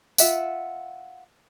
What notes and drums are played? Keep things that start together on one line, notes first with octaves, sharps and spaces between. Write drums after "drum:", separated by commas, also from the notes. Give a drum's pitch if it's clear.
F4 E5 F#5, drum: tambourine